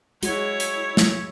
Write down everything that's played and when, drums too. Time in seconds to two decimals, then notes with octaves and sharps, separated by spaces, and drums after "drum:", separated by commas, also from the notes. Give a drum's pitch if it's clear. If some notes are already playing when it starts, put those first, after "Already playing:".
0.23 G#3 E4 F#4 C#5, drum: hi-hat
0.60 drum: hi-hat
0.97 drum: snare